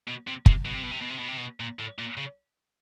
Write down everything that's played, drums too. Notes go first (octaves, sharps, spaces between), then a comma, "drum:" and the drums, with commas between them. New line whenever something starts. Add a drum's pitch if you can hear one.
B2
C3
C3, drum: kick
B2
C3
B2
C3
B2
C3
B2
C3
B2
A#2
A2
A#2
C#3